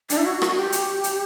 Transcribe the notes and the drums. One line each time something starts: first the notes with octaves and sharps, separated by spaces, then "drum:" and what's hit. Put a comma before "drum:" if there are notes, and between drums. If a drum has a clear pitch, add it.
D4, drum: hi-hat
E4
F#4
F#4, drum: rim click
G4
drum: hi-hat
drum: hi-hat